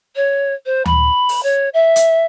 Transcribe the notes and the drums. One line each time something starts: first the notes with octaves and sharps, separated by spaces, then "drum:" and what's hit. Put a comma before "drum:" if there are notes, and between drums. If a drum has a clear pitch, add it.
C#5
C5
B5, drum: tom D2
drum: open hi-hat
C#5
E5
drum: hi-hat